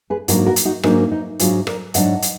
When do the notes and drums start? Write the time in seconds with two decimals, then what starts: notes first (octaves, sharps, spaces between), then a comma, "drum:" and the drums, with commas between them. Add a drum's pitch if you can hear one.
0.10 G#4 B4
0.28 G#2 F#3 A#3 D4 F#4 A#4, drum: hi-hat
0.46 F#4 A#4
0.56 drum: hi-hat
0.65 D#4 F#4
0.83 G#2 F#3 A#3 D4 D#4, drum: rim click
1.12 D#4
1.39 G#2 F#3 D4 F4, drum: hi-hat
1.67 A#4 D5, drum: rim click
1.94 G#2 F#3 D4 D#5 F#5, drum: hi-hat
2.22 drum: hi-hat